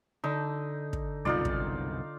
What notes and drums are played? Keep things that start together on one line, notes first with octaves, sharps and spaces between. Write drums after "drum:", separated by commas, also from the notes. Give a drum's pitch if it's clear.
D3 D#4
drum: kick
C2 F#2 B2 D#4 F4 D5
drum: kick